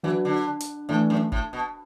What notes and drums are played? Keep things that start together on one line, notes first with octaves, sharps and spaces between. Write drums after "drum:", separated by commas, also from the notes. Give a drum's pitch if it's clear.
E3 F#3 D4 F#4 B4
D3
drum: hi-hat
A2 E3 A3 D4 A4
F#2
A2, drum: kick F#1
B2